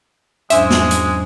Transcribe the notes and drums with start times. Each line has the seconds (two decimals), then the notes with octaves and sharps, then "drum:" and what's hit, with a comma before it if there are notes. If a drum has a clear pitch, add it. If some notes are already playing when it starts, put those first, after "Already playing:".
0.50 E2 G#2 F#3 G#3 C#4 D4 C5 E5, drum: hi-hat
0.71 drum: snare
0.91 drum: hi-hat